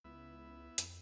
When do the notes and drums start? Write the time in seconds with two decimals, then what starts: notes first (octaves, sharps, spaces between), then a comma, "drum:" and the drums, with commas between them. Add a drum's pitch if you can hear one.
0.04 C#2 B3 E4 E5
0.78 F2, drum: hi-hat